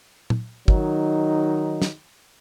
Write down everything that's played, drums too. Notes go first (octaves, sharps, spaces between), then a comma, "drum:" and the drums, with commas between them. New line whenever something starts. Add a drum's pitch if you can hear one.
drum: tom A#2
D#3 F#3 D#4, drum: kick
drum: snare